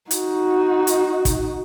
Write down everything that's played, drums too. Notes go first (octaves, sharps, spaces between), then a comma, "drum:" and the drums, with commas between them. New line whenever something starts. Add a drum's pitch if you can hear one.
D#4 F#4, drum: hi-hat
drum: hi-hat
drum: kick, hi-hat